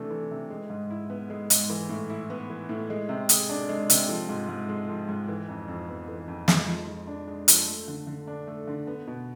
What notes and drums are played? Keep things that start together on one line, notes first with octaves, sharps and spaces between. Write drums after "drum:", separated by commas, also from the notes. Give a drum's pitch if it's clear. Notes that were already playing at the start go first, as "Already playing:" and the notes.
Already playing: C3 E3 A3 D4
E3
C3
G#3
G#2
E4
B3
G#3
G#2, drum: hi-hat
E3
A2
E4
B3
E3
A2
G#3
C3
G#4, drum: hi-hat
D4
G#3
C3, drum: hi-hat
F3
G#2
G#2
G#3
F3
G#2
E3
F2
F2
B3
E3
F2
G#3, drum: snare
F3
F3
D4
G#3
F3, drum: hi-hat
A3
D3
D3
D4
A3
D3
B3
B2